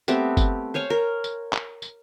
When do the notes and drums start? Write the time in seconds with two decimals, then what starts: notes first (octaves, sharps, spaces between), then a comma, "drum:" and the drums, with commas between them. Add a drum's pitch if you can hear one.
0.08 A3 B3 C4 G4, drum: tambourine
0.37 drum: kick F#1, tambourine
0.74 C5 C#5 F5 G#5
0.90 A#4
1.24 drum: tambourine
1.53 drum: clap
1.82 drum: tambourine